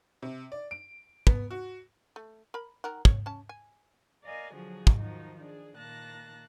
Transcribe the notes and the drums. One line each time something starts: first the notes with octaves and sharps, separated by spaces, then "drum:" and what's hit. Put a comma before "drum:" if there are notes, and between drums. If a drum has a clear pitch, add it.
C3
D5
D7
B3, drum: kick
F#4
A3
A#4 B5
D#3 A#4 F#5
C#5, drum: kick
C#4 A5
G#5
A#4 D5 D#5 F5 G#5
D3 F3 F#3 F#4 G#4
drum: kick
D#3 F3 D#4 F#4
D4 G#4
A#2 D#3 A#3 A5 F#6 A#6